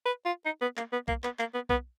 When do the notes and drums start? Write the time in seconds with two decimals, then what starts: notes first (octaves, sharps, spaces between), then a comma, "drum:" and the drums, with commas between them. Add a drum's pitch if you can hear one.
0.05 B4
0.25 F4
0.45 D#4
0.62 B3
0.77 A#3, drum: clap
0.93 B3
1.08 A#3, drum: kick B1
1.24 B3, drum: clap
1.39 A#3, drum: clap
1.54 B3
1.69 B3, drum: kick B1